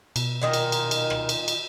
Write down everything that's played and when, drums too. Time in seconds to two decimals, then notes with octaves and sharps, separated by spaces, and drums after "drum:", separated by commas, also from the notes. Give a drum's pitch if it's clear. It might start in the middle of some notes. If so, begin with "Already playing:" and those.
0.16 B2, drum: cymbal
0.42 A#2 D#3 D#4 A#4
0.53 drum: cymbal
0.72 drum: cymbal
0.91 drum: cymbal
1.10 drum: rim click
1.29 drum: cymbal
1.48 drum: cymbal